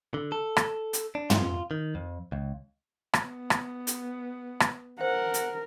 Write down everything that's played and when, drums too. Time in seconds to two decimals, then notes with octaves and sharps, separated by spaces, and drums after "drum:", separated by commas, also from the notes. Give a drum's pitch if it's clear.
0.14 D3
0.32 A4
0.57 drum: rim click
0.93 drum: hi-hat
1.15 D4
1.30 F4, drum: tom
1.71 D#3
1.95 F2
2.32 C#2
3.14 drum: rim click
3.23 B3
3.50 drum: rim click
3.87 drum: hi-hat
4.60 drum: rim click
5.01 A#4 C5 F#5
5.34 drum: hi-hat